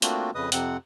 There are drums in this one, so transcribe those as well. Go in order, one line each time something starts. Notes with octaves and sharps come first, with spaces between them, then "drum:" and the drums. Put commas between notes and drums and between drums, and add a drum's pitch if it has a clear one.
A3 A#3 C4 D4 F4 F#4, drum: hi-hat
F2 C#3 B4 D#5 D#6
F2 C3 C4 F#5, drum: hi-hat